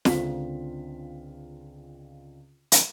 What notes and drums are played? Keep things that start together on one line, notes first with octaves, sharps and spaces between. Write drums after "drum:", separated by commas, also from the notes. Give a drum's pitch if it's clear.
C#2 D3 C4 F4 B6, drum: snare
drum: hi-hat